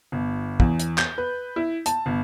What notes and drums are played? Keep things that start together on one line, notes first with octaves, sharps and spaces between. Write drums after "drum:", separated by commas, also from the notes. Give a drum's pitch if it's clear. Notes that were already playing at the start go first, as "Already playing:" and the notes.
G1
E2, drum: kick
drum: hi-hat
G6, drum: clap
B4
E4
A5, drum: hi-hat
G1